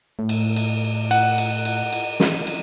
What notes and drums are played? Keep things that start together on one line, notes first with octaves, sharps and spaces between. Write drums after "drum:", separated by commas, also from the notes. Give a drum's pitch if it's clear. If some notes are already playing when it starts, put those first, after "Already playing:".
A2
drum: cymbal
drum: cymbal
F#5, drum: cymbal
drum: cymbal
drum: cymbal
drum: cymbal
drum: snare
drum: cymbal